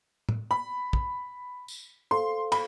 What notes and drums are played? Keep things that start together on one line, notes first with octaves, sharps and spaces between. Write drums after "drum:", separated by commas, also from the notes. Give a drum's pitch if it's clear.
drum: tom
B5
drum: kick
drum: tambourine
A4 C5 F5 C6
B5, drum: cymbal